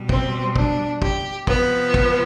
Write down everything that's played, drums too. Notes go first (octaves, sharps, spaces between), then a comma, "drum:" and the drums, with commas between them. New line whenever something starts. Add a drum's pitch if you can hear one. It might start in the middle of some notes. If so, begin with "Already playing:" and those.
Already playing: B2 G3
C4, drum: kick
D4, drum: kick
G4, drum: kick
C3 F3 B3, drum: kick
drum: kick